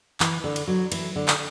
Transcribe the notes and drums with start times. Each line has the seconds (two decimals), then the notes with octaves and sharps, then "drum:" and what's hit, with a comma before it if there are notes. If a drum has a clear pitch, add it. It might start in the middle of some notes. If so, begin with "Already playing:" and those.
0.20 E3, drum: clap
0.44 D3
0.56 drum: cymbal
0.67 F#3
0.92 E3, drum: cymbal
1.16 D3
1.28 drum: clap